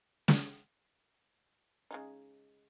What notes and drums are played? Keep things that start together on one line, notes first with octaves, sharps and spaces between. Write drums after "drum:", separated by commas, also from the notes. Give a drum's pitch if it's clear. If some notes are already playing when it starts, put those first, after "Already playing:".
drum: snare
C#3 G#3 D#4